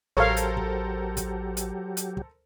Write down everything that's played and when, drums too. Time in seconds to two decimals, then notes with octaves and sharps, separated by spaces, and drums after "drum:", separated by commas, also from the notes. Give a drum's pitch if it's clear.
0.17 A1 F#3 G4 A4 A#4 C5 C#5 F5
0.37 drum: hi-hat
0.57 drum: kick
1.17 drum: kick, hi-hat
1.57 drum: hi-hat
1.97 drum: hi-hat
2.17 drum: kick